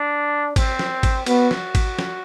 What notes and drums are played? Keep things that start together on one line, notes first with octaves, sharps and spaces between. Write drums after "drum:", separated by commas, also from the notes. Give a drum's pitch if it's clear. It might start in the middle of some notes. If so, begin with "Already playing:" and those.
Already playing: D4
C4, drum: kick G#1, cymbal
drum: snare
drum: kick G#1, cymbal
B3 F#4, drum: cymbal
drum: snare
drum: kick G#1, cymbal
drum: snare